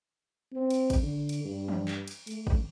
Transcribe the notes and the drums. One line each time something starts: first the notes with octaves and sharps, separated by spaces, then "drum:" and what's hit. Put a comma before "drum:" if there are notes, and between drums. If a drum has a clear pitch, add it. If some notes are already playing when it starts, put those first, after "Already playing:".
C4
drum: cymbal
drum: kick, cymbal
D3
drum: cymbal
G2
drum: tom E3
drum: clap
drum: cymbal
A3, drum: cymbal
drum: kick